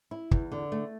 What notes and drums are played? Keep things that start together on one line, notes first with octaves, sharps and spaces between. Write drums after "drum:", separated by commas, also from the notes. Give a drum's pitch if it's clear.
E4
E2, drum: kick
D3
A3